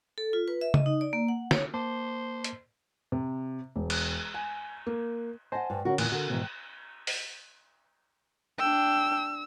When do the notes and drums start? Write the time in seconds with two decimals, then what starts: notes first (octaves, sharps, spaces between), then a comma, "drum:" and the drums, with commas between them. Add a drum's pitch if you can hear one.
0.18 A4
0.33 F4
0.48 B4
0.61 E5
0.74 D#5, drum: tom C#3
0.86 D#4
1.01 D5
1.13 A#3
1.28 F#5
1.51 C#5, drum: snare
1.74 A#3 C5 A5 D6
2.44 drum: hi-hat
3.12 C3
3.76 E1
3.90 drum: cymbal
4.34 G#5
4.87 A#3
5.52 C5 D#5 F#5 G#5 A5
5.70 G2
5.85 D3 C#4 F#4 A#4
5.98 E2 A#2 E3, drum: cymbal
6.12 D3 F#4 A#4
6.30 G#2 B2 D#3 E3
7.07 drum: open hi-hat
8.59 D4 G5 E6